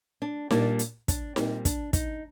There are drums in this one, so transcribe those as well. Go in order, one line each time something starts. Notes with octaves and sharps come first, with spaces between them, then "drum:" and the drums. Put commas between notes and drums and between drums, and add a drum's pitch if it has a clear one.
D4
A#2 G3 A#3 D4, drum: snare D#4
drum: hi-hat
D4, drum: kick, hi-hat
A#2 G3 A#3 C4, drum: snare D#4
D4, drum: kick, hi-hat
D#4, drum: kick, hi-hat